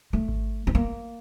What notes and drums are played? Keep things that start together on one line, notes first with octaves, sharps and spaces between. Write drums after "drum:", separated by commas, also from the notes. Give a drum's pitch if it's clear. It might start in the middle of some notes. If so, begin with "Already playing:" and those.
A3
drum: kick G#1
C4
A#3